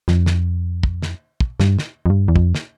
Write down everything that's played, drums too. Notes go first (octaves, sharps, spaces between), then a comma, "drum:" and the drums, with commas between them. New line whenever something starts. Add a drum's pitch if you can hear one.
F2, drum: snare
drum: snare
drum: kick
drum: snare
drum: kick
G2, drum: snare
drum: snare
F2
G2
E2
F2, drum: kick
drum: snare